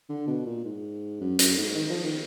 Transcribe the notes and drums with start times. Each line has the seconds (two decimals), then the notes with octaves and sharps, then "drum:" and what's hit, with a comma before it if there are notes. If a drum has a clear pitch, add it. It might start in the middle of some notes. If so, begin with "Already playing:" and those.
0.09 D3
0.27 B2
0.46 A#2
0.64 G#2
1.20 F#2
1.39 F#2, drum: hi-hat
1.57 G#2
1.75 D#3
1.90 F3
2.03 D#3